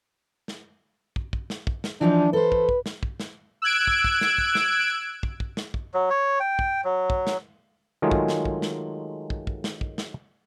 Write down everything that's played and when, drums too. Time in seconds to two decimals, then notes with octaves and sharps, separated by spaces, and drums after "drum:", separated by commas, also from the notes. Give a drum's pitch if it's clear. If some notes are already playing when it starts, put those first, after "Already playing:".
0.48 drum: snare
1.16 drum: kick
1.33 drum: kick
1.50 drum: snare
1.67 drum: kick
1.84 drum: snare
2.01 E3 F3 D4 D#4
2.33 A4 B4 C5
2.52 drum: kick
2.69 drum: kick
2.86 drum: snare
3.03 drum: kick
3.20 drum: snare
3.62 E6 F#6 G#6 D7
3.87 drum: kick
4.04 drum: kick
4.21 drum: snare
4.38 drum: kick
4.55 drum: snare
5.23 drum: kick
5.40 drum: kick
5.57 drum: snare
5.74 drum: kick
5.94 F#3
6.10 C#5
6.40 G5
6.59 drum: kick
6.84 F#3
7.10 drum: kick
7.27 drum: snare
8.02 D#3 F#3 G#3 A3 F4 G#4
8.11 drum: kick
8.28 drum: snare
8.45 drum: kick
8.62 drum: snare
9.30 drum: kick
9.47 drum: kick
9.64 drum: snare
9.81 drum: kick
9.98 drum: snare